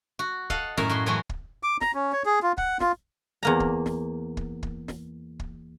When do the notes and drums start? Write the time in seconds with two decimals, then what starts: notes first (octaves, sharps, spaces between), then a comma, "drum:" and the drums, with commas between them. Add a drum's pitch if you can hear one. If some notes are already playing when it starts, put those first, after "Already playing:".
0.19 F#4
0.50 A4 D#5 F5 F#5, drum: kick
0.77 F#2 A2 A#4 E5 A#5, drum: snare
0.89 A2 F#3 F#4 C6
1.06 E3 F#3 G#3 A3 C#4 F#4
1.29 drum: kick
1.63 D6
1.81 A#5, drum: snare
1.94 C#4
2.12 C#5
2.26 G#4
2.43 F4
2.58 F#5, drum: kick
2.80 F4, drum: snare
3.43 E2 A#3 A#5
3.60 drum: kick
3.86 drum: snare
4.37 drum: kick
4.63 drum: kick
4.88 drum: snare
5.39 drum: kick